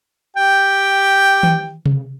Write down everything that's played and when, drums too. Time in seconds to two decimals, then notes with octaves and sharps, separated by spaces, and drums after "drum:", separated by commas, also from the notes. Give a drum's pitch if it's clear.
0.37 G4 G5
1.43 drum: tom D#3
1.86 drum: tom C3